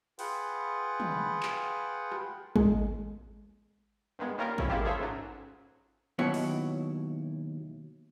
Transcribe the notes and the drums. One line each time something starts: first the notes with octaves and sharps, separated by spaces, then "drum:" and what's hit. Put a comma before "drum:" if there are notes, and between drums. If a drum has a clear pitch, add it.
F4 G#4 B4 F#5 G5, drum: open hi-hat
drum: tom
drum: clap
drum: rim click
G#3, drum: kick
G2 D#3 G#3 B3
D#3 G3 A#3 C#4 F4 A#4
F2 A3 C#4 E4, drum: kick
G#3 A#3 B3 E4 F4 G4
F4 G#4 A4 C5 C#5 E5
G#2 C#3 F#3
D#2 B2 F#3 E4 C#5
drum: open hi-hat